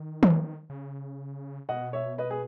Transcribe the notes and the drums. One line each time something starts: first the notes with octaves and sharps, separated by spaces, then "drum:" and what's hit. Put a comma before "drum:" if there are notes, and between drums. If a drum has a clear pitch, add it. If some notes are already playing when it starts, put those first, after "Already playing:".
Already playing: D#3
drum: tom D#3
C#3
B2 D#5 F#5
C#5 E5
B4 D#5
G#4 B4